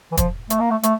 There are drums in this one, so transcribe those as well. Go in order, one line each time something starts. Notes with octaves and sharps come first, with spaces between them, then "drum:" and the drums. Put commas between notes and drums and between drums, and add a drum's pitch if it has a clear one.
E3
F3, drum: kick, hi-hat
A3, drum: hi-hat
A#3
A3
A3, drum: hi-hat